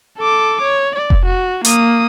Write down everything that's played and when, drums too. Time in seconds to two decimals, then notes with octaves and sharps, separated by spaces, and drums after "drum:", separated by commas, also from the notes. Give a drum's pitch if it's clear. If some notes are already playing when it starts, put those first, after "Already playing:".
0.18 A4 D6
0.62 C#5
0.95 D5
1.10 drum: kick F1
1.25 F#4
1.65 A#3 D#6, drum: hi-hat